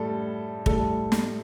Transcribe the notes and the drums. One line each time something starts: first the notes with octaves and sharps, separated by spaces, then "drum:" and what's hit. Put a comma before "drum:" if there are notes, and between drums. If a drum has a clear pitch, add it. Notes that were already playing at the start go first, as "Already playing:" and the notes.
Already playing: A2 G3 A4
A2 G3 A4, drum: kick
drum: snare